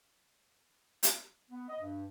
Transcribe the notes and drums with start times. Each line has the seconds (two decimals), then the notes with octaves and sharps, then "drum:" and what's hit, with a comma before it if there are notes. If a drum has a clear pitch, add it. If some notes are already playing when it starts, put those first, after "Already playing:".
1.03 drum: hi-hat
1.50 B3
1.68 D#5
1.80 G2